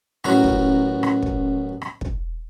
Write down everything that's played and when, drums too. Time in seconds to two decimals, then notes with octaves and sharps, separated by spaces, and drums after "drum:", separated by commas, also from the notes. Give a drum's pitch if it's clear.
0.24 A1 F#2 F#4 A#5, drum: rim click
0.44 drum: kick
1.03 drum: rim click
1.23 drum: kick
1.82 drum: rim click
2.01 drum: kick